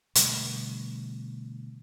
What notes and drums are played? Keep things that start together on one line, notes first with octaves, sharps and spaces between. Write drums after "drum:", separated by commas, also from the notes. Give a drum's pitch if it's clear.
B2 D3 G3 A3, drum: hi-hat